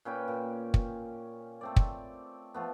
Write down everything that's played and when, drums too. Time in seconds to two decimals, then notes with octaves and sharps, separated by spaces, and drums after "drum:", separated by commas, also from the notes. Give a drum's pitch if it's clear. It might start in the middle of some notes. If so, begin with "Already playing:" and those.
0.05 A#2 C#4 B4 G5
0.28 A#2
0.74 drum: kick
1.61 A3 C4 D5
1.76 drum: kick
2.54 F3 A3 B3